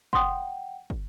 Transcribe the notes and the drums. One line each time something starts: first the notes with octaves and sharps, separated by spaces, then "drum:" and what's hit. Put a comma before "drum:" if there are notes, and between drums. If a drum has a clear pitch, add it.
F#5 G5 C6 D#6, drum: kick
drum: kick